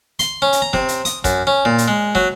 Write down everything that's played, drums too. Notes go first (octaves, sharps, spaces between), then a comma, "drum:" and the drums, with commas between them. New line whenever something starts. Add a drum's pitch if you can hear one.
C6, drum: hi-hat
C#4
drum: hi-hat
A#5
C3, drum: snare
drum: hi-hat
D#6, drum: hi-hat
F#2, drum: kick, hi-hat
C#4
A#2
drum: hi-hat
G#3
F#3, drum: snare